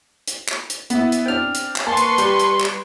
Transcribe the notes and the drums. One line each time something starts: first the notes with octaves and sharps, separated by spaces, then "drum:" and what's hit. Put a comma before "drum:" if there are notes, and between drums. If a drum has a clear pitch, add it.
drum: hi-hat
drum: clap
drum: hi-hat
B3 E4, drum: hi-hat
drum: hi-hat
C4 D4 G5 F6
drum: hi-hat
drum: clap
A#3 B4 A5 C6 C#6
drum: hi-hat
G3, drum: hi-hat
drum: hi-hat
drum: clap